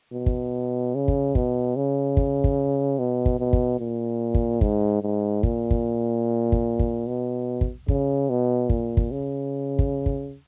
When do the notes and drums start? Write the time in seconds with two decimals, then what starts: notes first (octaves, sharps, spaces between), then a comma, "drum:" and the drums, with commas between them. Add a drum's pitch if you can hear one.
0.13 B2
0.26 drum: kick
0.95 C#3
1.08 drum: kick
1.35 B2, drum: kick
1.76 C#3
2.17 drum: kick
2.44 drum: kick
2.99 B2
3.26 drum: kick
3.39 B2
3.53 drum: kick
3.80 A#2
4.34 drum: kick
4.61 G#2, drum: kick
5.02 G#2
5.43 A#2, drum: kick
5.71 drum: kick
6.52 drum: kick
6.79 drum: kick
7.07 B2
7.61 drum: kick
7.88 C#3, drum: kick
8.29 B2
8.70 A#2, drum: kick
8.97 drum: kick
9.11 C#3
9.79 drum: kick
10.06 drum: kick